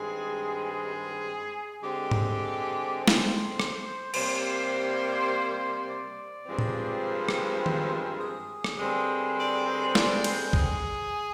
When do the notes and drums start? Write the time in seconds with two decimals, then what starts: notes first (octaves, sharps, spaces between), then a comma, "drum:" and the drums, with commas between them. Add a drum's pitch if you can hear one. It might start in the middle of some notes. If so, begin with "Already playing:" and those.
Already playing: G2 D#3 G#3 C4 G#4
0.65 G#4
1.81 D3 G#3 C4 G4
2.11 drum: tom G#2
2.97 C5
3.08 drum: snare
3.60 drum: rim click
4.14 C3 G3 A#3 C5, drum: cymbal
5.88 D5
6.46 G2 F3 G#3 C4
6.59 drum: tom A2
7.05 A#4
7.29 drum: rim click
7.66 drum: tom D#3
8.21 G#4
8.64 drum: rim click
8.79 G2 D3 G#3 C4
9.37 D5
9.95 D5, drum: snare
10.24 C5, drum: cymbal
10.53 G#4, drum: kick